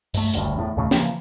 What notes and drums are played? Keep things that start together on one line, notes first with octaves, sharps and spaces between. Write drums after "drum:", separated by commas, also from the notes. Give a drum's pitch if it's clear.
G2 A3, drum: open hi-hat
F#1 D2 G2, drum: hi-hat
E2 A2
D#2 A2 C#3 A3
C#3 E3 F3 A#3, drum: snare